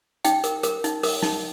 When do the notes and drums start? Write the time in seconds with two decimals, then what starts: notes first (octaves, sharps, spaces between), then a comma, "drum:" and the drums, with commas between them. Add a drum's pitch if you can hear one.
0.25 D#4 G5, drum: hi-hat
0.44 A#4, drum: hi-hat
0.63 A#4, drum: hi-hat
0.84 D#4, drum: hi-hat
1.03 A#4, drum: open hi-hat
1.22 D#4, drum: snare